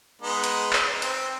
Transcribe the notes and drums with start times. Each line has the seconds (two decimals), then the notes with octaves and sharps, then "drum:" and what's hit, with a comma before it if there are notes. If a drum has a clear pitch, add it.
0.22 G#3 B3 D#4
0.44 drum: hi-hat
0.73 drum: clap
1.02 C4, drum: hi-hat